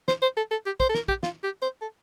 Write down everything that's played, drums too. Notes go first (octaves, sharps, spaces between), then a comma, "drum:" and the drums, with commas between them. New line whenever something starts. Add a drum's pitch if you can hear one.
C5, drum: snare
C5
A4
A4
G4
C5, drum: kick
A4
A#4, drum: snare
G4, drum: kick
F4, drum: snare
G4
C5
A4